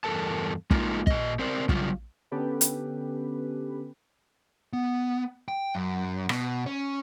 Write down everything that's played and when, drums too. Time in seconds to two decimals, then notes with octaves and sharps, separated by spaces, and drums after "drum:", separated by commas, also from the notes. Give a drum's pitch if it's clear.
0.04 E2 G2 F3 A4 A#4 A5
0.71 G#3 A#3 D#4 F4, drum: kick
1.07 A#2 D#5, drum: kick
1.39 C4 A#4 C5 D5
1.69 C#3 F#3 G3 F4, drum: kick
2.31 D3 B3 C#4 G4 A4 B4
2.61 drum: hi-hat
4.73 B3
5.48 G5
5.75 F#2
6.29 B2, drum: rim click
6.66 C#4